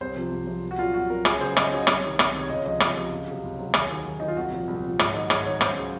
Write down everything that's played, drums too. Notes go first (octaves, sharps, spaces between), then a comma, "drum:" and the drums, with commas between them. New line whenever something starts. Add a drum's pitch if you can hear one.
C2 C5
C3 F3
C2
C3 F3
C2
F#4
A#2 F#3 F4
C2 F#4
A#2 F#3 A#4
C#2 G#4, drum: rim click
C#3 F#3 C5
C#2 D#5, drum: rim click
C#3 F#3 C#5
D#5
C2 C#5, drum: rim click
C3 D#3
C2, drum: rim click
D#3
C3 C#5
C#2 D#5
C3 F3 D#5
C#2, drum: rim click
C3 F3
C#2
C3 F#3
C#2
C3 F#3
D#2 G#4, drum: rim click
D#3 F#3
D#2
D#3 F#3 D#4
F4
C2 F#4
A#2 F3
C2
A#2 F3
G#2, drum: rim click
D#3 F#3 D#5
G#2 C#5, drum: rim click
D#3 F#3 C#5
C#2 C5, drum: rim click
C#3 F#3